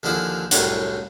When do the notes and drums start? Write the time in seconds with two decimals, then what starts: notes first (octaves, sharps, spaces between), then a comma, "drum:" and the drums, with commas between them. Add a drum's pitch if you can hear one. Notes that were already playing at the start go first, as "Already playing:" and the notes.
0.03 D#2 D3 F3 E4 G#4
0.51 C2 F#2 A2 D4 C#5, drum: hi-hat